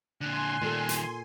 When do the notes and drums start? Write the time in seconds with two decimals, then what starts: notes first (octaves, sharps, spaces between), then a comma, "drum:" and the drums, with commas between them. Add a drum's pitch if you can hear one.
0.21 A#2 D3 G#5 C6 F#6
0.61 A#2 D#3 G3 A4
0.89 drum: hi-hat